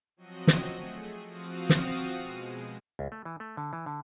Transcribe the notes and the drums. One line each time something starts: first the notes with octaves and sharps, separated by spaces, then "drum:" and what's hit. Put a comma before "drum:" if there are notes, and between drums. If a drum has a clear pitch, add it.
F3 F#3 C4 F#4 D#5
drum: snare
A3 G#4
F3 C4 F#4 F5 D#6
drum: snare
B2 G#3
C#2
A3
E3
A3
D3
E3
D3